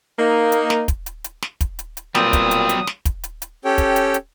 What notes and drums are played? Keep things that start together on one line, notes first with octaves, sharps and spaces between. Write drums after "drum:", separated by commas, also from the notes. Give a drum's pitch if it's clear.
A#3 D#4
drum: hi-hat
drum: snare
drum: kick, hi-hat
drum: hi-hat
drum: hi-hat
drum: snare
drum: kick, hi-hat
drum: hi-hat
drum: hi-hat
A#2 F#3 G3 B3 C4 D#6, drum: snare
drum: kick, hi-hat
drum: hi-hat
drum: hi-hat
drum: snare
drum: kick, hi-hat
drum: hi-hat
drum: hi-hat
C#4 G4 A4 C#5 G5
drum: kick, hi-hat
drum: hi-hat
drum: hi-hat